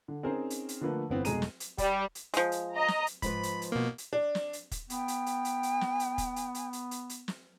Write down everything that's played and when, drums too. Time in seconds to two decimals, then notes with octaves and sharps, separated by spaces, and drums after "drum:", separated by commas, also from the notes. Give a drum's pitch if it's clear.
0.08 D3
0.23 C4 C#4 D#4 G#4 A#4 C5
0.50 drum: hi-hat
0.69 drum: hi-hat
0.81 D3 F3 A3 A#3 B4
1.10 G1 E3 B3 C4
1.25 F1 B2 G#3 G#4 A#5 D#7, drum: hi-hat
1.42 drum: snare
1.60 drum: hi-hat
1.78 G3, drum: kick, hi-hat
2.15 drum: hi-hat
2.34 F3 G#3, drum: hi-hat
2.52 drum: hi-hat
2.75 D#5 A#5
2.88 drum: snare
3.07 drum: hi-hat
3.22 G#2 F3 B4 B5, drum: kick, hi-hat
3.43 drum: hi-hat
3.62 drum: hi-hat
3.72 B2 A#3
3.98 drum: hi-hat
4.13 D4
4.35 drum: snare
4.53 drum: hi-hat
4.71 drum: kick, hi-hat
4.90 B3 G5, drum: hi-hat
5.08 drum: hi-hat
5.26 drum: hi-hat
5.45 drum: hi-hat
5.63 drum: hi-hat
5.81 drum: snare
6.00 drum: hi-hat
6.18 drum: kick, hi-hat
6.36 drum: hi-hat
6.55 drum: hi-hat
6.73 drum: hi-hat
6.91 drum: hi-hat
7.09 drum: hi-hat
7.28 drum: snare